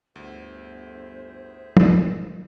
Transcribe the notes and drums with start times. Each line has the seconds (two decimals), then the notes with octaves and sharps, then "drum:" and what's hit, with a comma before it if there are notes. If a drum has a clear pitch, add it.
0.16 G1 D2 A2 G#4 C5 E5
1.77 drum: tom